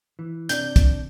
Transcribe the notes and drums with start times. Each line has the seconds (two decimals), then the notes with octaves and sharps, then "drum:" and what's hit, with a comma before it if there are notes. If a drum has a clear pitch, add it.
0.19 E3
0.49 C3 D4 D5 G6, drum: hi-hat
0.76 drum: kick, hi-hat